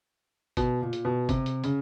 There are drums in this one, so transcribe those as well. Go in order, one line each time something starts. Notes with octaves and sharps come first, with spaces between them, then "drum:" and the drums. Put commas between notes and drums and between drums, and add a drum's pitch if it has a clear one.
B2, drum: kick G1, hi-hat
A#2
drum: hi-hat
B2
C3, drum: kick G1, hi-hat
drum: hi-hat
C#3, drum: hi-hat